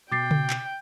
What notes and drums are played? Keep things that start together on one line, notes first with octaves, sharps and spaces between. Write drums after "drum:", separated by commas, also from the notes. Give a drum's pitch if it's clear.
B2 G5 D6 A6 C7
drum: tom C#3
drum: clap